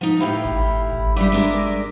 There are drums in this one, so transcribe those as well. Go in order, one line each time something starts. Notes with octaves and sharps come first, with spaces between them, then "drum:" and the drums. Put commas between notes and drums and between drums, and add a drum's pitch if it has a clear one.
F3 D#4
A2 E4 G4 F5
drum: kick G#1
drum: kick G#1
G2 G3 E5 D6
G#3 D4 A#4